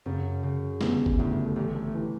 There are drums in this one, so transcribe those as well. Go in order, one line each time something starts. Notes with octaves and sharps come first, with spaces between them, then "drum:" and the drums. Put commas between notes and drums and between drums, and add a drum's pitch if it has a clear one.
F#2 C#3
C#3
G1 B2, drum: snare
drum: kick G1
G1 A2
A3
A1 G3
A3
E3